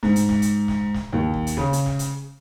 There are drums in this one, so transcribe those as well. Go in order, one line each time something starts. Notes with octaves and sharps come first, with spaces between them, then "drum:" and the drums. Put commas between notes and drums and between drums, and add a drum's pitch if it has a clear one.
G#2, drum: snare
drum: hi-hat
drum: snare
drum: hi-hat
drum: snare
drum: snare
D#2
drum: kick
drum: hi-hat
C#3, drum: snare
drum: hi-hat
drum: snare
drum: hi-hat